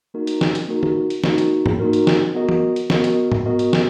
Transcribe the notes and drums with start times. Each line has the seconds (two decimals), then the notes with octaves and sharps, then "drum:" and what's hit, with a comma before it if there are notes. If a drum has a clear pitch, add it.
0.14 A#3 D#4 F#4 A#4
0.27 drum: hi-hat
0.41 drum: snare
0.55 drum: hi-hat
0.68 A#3 D#4 F#4 A#4
0.83 drum: tom
1.10 drum: hi-hat
1.24 A#3 D#4 F#4 A#4, drum: snare
1.38 drum: hi-hat
1.66 drum: tom G#2
1.80 A#3 D#4 F#4 A#4
1.93 drum: hi-hat
2.07 drum: snare
2.34 B3 F#4 A#4 D#5
2.49 drum: tom
2.76 drum: hi-hat
2.90 B3 F#4 A#4 D#5, drum: snare
3.04 drum: hi-hat
3.32 drum: tom G#2
3.46 B3 F#4 A#4 D#5
3.59 drum: hi-hat
3.73 drum: snare